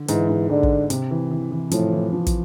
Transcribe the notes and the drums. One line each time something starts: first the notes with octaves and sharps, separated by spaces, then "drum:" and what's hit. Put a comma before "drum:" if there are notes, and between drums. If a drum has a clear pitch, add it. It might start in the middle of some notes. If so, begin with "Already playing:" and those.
Already playing: D3
G#2 E3, drum: hi-hat
G#2
G#2 D3
drum: kick
C3, drum: hi-hat
E3
E3
E3
A2 F3, drum: hi-hat
E3
F3
drum: kick, hi-hat